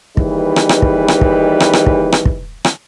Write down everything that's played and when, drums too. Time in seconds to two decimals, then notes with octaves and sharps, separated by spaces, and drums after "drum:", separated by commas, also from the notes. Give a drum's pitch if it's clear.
0.17 D#2 E3 G3 D#4 G#4 B4, drum: kick
0.56 drum: rim click
0.69 drum: rim click
0.82 drum: kick
1.08 drum: rim click
1.21 drum: kick
1.60 drum: rim click
1.73 drum: rim click
1.86 drum: kick
2.12 drum: rim click
2.25 drum: kick
2.65 drum: rim click